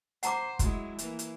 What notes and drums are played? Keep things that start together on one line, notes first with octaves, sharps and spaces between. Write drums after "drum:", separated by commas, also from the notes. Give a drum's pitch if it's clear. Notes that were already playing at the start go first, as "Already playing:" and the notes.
C5 F#5 A#5 D6, drum: hi-hat
F#3 G#3 E4, drum: kick, hi-hat
E3 A#3, drum: hi-hat
drum: hi-hat